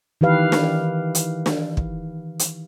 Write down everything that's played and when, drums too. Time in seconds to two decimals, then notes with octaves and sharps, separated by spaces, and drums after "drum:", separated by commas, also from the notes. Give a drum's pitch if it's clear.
0.21 D#3 E3 G4 B4 F5
0.52 drum: snare
1.15 drum: hi-hat
1.46 drum: snare
1.77 drum: kick
2.39 drum: hi-hat